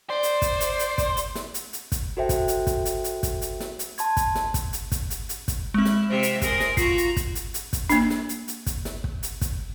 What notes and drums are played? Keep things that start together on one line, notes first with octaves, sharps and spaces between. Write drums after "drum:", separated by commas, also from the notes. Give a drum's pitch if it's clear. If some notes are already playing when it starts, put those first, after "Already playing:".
C5 D5
drum: hi-hat
drum: kick, hi-hat
drum: hi-hat
drum: hi-hat
drum: kick, hi-hat
drum: hi-hat
drum: snare
drum: hi-hat
drum: hi-hat
drum: kick, hi-hat
F#4 A4 C5 E5 G5
drum: kick, hi-hat
drum: hi-hat
drum: kick, hi-hat
drum: hi-hat
drum: hi-hat
drum: kick, hi-hat
drum: hi-hat
drum: snare
drum: hi-hat
A5 C6 G#6, drum: hi-hat
drum: kick, hi-hat
drum: snare
drum: kick, hi-hat
drum: hi-hat
drum: kick, hi-hat
drum: hi-hat
drum: hi-hat
drum: kick, hi-hat
G#3 C4 E4
drum: snare
C3 F4 C5 E5
drum: hi-hat
G#4 A#4 C6, drum: kick, hi-hat
drum: snare
F4 F#4 A#5 C7, drum: kick, hi-hat
drum: hi-hat
drum: kick, hi-hat
drum: hi-hat
drum: hi-hat
drum: kick, hi-hat
A#3 D4, drum: hi-hat
drum: snare
drum: hi-hat
drum: hi-hat
drum: kick, hi-hat
drum: snare
drum: kick
drum: hi-hat
drum: kick, hi-hat